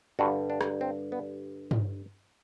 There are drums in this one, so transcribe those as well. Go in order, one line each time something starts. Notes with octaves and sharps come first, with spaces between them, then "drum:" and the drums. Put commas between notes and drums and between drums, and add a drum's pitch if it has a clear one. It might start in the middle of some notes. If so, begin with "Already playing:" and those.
G2 D3 G3 F#4
D4
drum: rim click
C4
B3
drum: tom